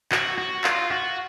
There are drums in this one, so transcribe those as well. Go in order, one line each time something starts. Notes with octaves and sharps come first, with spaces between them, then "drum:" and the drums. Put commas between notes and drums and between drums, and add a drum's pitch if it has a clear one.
F#4, drum: clap
F#4
F4, drum: clap
F#4